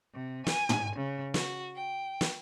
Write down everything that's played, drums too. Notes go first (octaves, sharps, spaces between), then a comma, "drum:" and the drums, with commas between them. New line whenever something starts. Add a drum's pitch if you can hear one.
C3
G#5, drum: snare
drum: tom
C#3
F#4, drum: snare
G5
drum: snare